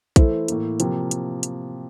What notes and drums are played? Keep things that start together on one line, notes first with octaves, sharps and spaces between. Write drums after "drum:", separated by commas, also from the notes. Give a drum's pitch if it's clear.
E3 A3 E4 A4 C5, drum: kick A#1, hi-hat
A2 E3 A#3, drum: hi-hat
C3 F3 A#3, drum: hi-hat
drum: hi-hat
drum: hi-hat